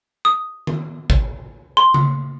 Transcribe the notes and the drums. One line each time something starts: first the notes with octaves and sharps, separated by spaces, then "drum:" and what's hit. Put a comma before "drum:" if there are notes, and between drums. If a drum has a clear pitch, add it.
D#6
drum: tom D#3
drum: kick G#1
C6
drum: tom C#3